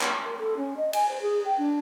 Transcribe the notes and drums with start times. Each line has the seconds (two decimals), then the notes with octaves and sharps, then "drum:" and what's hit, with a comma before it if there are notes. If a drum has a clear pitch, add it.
0.01 drum: clap
0.24 A#4
0.38 A4
0.56 C#4
0.77 D#5
0.93 G#5, drum: cymbal
1.09 C5
1.22 G#4
1.45 G5
1.57 D4